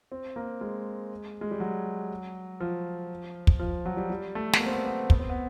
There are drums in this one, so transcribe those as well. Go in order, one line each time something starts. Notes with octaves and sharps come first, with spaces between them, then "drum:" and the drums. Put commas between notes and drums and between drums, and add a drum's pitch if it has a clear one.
C4
A#3
G#3
G#3
G3
F#3
F3
drum: kick
F3
F#3
G3
G3
A3
B3, drum: snare
A#3
C4
B3
B3
B3, drum: kick
C4
B3